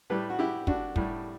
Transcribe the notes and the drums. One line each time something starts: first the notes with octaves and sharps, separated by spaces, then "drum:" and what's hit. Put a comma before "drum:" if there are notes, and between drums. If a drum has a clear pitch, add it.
A2 G3 G4 B4
F#4
E4 G4
D4 F#4, drum: kick
A2 G3, drum: kick